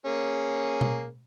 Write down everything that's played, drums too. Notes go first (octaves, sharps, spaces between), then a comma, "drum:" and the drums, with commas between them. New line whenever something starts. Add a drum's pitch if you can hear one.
A#3 C#4 G#4
drum: tom B2